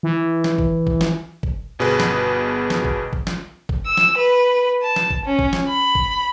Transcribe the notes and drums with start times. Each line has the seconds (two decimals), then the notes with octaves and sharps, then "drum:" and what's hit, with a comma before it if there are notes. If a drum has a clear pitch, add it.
0.03 E3
0.44 drum: snare
0.58 drum: kick
0.87 drum: kick
1.01 drum: snare
1.43 drum: kick
1.79 G1 B2 G#4 B4
2.00 drum: snare
2.70 drum: snare
2.84 drum: kick
3.13 drum: kick
3.27 drum: snare
3.69 drum: kick
3.86 E6
3.97 drum: snare
4.17 B4
4.82 A5
4.96 drum: snare
5.10 drum: kick
5.25 C#4
5.39 drum: kick
5.53 drum: snare
5.69 B5
5.95 drum: kick